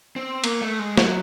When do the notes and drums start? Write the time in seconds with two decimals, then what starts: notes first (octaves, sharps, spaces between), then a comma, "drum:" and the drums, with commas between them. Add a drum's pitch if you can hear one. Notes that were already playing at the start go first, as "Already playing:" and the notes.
0.16 C4
0.44 A#3, drum: cymbal
0.62 A3
0.79 G#3
0.97 F#3, drum: snare